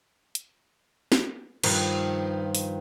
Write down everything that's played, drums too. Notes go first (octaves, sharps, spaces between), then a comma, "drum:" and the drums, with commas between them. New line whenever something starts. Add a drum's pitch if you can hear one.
drum: hi-hat
drum: snare
G2 D#3 F3, drum: cymbal
drum: open hi-hat